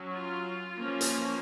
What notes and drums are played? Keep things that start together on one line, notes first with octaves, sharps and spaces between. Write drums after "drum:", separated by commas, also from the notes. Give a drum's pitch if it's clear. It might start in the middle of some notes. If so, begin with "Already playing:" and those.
Already playing: F#3 C#4
F4
F3 A#3 C#4
drum: hi-hat